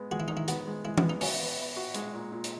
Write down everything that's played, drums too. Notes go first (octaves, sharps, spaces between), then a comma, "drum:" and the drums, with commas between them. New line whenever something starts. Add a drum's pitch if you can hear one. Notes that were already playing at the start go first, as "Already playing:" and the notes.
Already playing: G#3 B3
G#3 F#4
E4
D#3 D#4
E4
B3 F#4, drum: hi-hat
G#3
G#3 E4
E4, drum: tom
B3
D#4
C#4 F#4, drum: open hi-hat
B3
B3
F#4
G#3, drum: hi-hat
A#2
A#2
drum: hi-hat